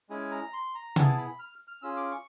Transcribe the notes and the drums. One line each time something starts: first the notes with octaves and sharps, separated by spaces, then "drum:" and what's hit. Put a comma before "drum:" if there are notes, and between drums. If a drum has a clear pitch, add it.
G#3 C#4 E4 G#4 G#5
A#5
C6
A#5
B3 E4 G#4 A5, drum: tom C3
B5
F6
F6
C#4 F4 G#4 E6
D6
C#6